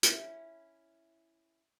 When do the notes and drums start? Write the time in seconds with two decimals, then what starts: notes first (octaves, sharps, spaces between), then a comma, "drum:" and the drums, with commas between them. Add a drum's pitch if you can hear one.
0.03 C#4 E4, drum: hi-hat